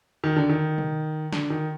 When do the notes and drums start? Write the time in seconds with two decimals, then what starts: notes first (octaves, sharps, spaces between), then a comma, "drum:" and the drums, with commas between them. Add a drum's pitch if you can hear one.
0.24 D#3
0.36 D3
0.49 D#3
0.78 drum: tom B2
1.32 D3, drum: snare
1.50 D#3